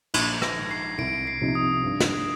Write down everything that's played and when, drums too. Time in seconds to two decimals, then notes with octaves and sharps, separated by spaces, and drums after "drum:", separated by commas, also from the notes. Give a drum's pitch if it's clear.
0.14 A#1 G#6, drum: cymbal
0.42 A#6, drum: rim click
0.56 G#2 D#3
0.71 C7
0.98 C2 D7
1.27 C7
1.41 C3 F3 C4 D#4
1.55 D#6
1.84 G2
2.00 drum: snare